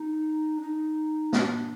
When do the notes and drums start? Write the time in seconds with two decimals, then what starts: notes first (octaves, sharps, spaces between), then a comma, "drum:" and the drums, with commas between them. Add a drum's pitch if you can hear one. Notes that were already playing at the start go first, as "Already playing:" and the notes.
Already playing: D#4
0.58 D4
0.63 D#4
1.33 C#4, drum: snare
1.42 D4